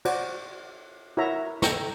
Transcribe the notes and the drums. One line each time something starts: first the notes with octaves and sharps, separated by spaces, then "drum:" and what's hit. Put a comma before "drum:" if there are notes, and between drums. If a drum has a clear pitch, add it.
F#4 C5 D5, drum: cymbal
E4 F#4 A#4 C#5 E5 A#5
A4 G5 A#5 C#6, drum: snare